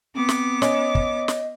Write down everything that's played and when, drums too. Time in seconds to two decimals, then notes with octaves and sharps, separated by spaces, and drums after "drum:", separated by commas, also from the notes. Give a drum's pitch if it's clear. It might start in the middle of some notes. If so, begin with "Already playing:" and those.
0.15 B3 C4 D6
0.29 drum: snare
0.62 C#4 D#5, drum: snare
0.95 drum: kick
1.28 drum: snare